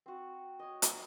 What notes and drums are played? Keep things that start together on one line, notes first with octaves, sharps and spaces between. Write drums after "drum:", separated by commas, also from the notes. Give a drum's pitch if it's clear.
C4 F#4
C#5 D#5
F#4, drum: hi-hat